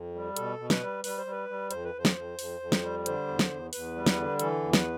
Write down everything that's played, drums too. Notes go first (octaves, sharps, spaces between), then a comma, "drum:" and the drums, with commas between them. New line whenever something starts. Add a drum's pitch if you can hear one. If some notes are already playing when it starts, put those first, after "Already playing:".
Already playing: F2
G3
B2 A4, drum: hi-hat
B2
B4, drum: snare
G3
G3 B4, drum: open hi-hat
C5
G3
B4
G3
F2 C5, drum: hi-hat
B4
F2 C5
drum: snare
F2
F2, drum: open hi-hat
F2
drum: snare
G3
D3 C5, drum: hi-hat
E2
drum: snare
E2
E2 B4, drum: open hi-hat
G3
drum: snare
D3
E3 A4, drum: hi-hat
E2
B4, drum: snare